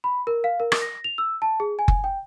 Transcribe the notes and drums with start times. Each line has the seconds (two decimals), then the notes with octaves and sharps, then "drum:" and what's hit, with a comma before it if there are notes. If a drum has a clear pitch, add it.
0.04 B5
0.27 A#4
0.44 F5
0.60 A#4
0.72 drum: rim click
0.82 A#6
1.04 F7
1.18 E6
1.42 A5
1.60 G#4
1.79 G#5
1.88 drum: kick F#1
2.04 G5